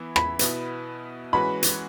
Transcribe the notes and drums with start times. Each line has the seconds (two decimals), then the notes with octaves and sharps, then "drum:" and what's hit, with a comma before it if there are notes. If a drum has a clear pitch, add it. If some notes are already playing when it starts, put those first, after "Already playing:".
Already playing: E3 B3 E4
0.16 B5, drum: rim click
0.39 B2 B3 E4 B4, drum: hi-hat
1.33 E3 G#3 C#4 F#4 B4 B5
1.63 drum: hi-hat